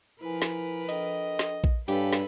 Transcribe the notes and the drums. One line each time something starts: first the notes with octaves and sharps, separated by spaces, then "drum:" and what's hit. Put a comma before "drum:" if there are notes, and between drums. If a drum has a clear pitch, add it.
F3 E4 A#4 B4 G#5
drum: snare
D4 A4 D#5 G5, drum: hi-hat
drum: snare
drum: kick A#1
G2 G4 A4 B4 C#5 F5 G#5, drum: hi-hat
drum: snare